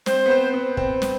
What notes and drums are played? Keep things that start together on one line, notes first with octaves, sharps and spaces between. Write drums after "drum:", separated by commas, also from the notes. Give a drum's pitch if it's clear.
C4 C5, drum: snare
B3
C4
B3
C4, drum: kick
drum: snare